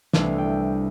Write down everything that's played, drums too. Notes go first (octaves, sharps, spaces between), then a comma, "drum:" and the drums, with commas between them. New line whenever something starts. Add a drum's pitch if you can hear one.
C2 C3 E3 A3 D4 F5, drum: snare
G5